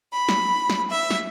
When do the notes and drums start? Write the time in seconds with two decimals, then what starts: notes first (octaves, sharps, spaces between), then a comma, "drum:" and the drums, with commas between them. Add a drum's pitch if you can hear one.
0.13 B5
0.29 drum: snare
0.70 drum: snare
0.90 E5
1.11 drum: snare